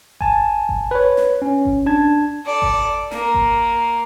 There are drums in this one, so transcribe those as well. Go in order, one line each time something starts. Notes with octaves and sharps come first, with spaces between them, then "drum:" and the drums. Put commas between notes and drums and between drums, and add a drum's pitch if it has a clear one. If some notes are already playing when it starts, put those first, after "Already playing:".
G#5 A5, drum: kick G#1
drum: kick G#1
B4 C#5
drum: snare
C#4
drum: kick G#1
D4 A5 G#6
A4 D5
drum: kick G#1
A#3, drum: snare
drum: kick G#1